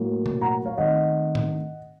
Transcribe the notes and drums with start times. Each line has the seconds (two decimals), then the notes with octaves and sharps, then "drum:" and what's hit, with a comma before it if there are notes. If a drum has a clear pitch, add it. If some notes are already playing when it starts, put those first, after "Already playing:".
Already playing: A2 F#3 A#3
0.26 drum: tom B2
0.41 F#5 A#5
0.66 C#5 F5
0.78 D#3 A3 C4 D#5 F#5
1.35 drum: tom G#2